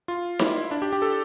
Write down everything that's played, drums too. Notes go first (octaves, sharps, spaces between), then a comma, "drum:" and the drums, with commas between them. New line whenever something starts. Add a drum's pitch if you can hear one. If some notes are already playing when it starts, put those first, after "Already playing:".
F4
E4, drum: snare D#4
D4
G4
G4
A4